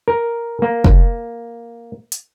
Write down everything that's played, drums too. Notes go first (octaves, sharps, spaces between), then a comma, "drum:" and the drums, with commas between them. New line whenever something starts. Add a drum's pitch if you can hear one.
A#4
A#3
drum: kick F1
drum: hi-hat